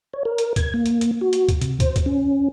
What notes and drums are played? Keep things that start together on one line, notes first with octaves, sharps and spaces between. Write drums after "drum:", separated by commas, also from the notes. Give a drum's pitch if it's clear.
C#5
A#4
drum: hi-hat
G#6, drum: kick, hi-hat
A#3
drum: hi-hat
drum: hi-hat
F#4
drum: hi-hat
drum: kick, hi-hat
C3, drum: hi-hat
C5, drum: kick, hi-hat
drum: kick, hi-hat
C#4